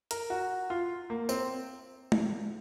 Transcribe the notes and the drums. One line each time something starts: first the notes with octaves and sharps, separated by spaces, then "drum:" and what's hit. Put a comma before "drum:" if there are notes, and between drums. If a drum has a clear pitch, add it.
A#4, drum: hi-hat
F#4
F4
A#3
C4, drum: tambourine
drum: tom G#3